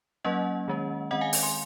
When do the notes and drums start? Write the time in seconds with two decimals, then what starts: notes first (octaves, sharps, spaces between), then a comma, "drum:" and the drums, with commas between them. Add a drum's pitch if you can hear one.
0.24 F#3 A#3 C#4 D#5 F#5
0.68 D#3 G#3 C#4
1.11 D#3 G#3 C4 D#5 F#5
1.21 F5 G#5
1.33 drum: open hi-hat
1.43 G#5 C6